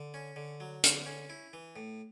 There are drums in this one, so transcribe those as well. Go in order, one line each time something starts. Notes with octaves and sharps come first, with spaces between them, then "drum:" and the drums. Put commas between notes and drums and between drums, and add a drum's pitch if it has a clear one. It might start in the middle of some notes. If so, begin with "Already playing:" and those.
Already playing: D3
C#4
D3
F#3
D3, drum: hi-hat
C#4
E4
E3
A2